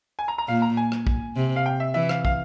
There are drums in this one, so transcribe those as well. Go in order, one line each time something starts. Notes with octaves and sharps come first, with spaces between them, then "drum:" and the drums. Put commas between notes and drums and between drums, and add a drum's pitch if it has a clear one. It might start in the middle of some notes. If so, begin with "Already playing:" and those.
G#5
A#5
A#5
A#2 F5
A#5
G#5
drum: rim click
drum: kick
C3
F5
G5
E5
E3 E5
F5, drum: rim click
F5, drum: kick